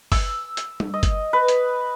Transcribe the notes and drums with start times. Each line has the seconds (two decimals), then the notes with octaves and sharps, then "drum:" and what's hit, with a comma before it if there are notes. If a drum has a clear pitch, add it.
0.12 E6, drum: kick G1, open hi-hat
0.57 drum: hi-hat
0.80 drum: tom G3
0.94 D#5
1.03 drum: kick G1, hi-hat
1.33 B4
1.48 drum: hi-hat